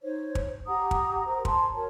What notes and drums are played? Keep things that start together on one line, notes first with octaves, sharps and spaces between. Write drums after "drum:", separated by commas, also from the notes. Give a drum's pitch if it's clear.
D#4 C5 C#5
drum: kick
G4 F#5 A#5 D#6
drum: kick
A#4 C5 A#5
G#5 A5 C6, drum: kick
F#4 A#4 C#5 A5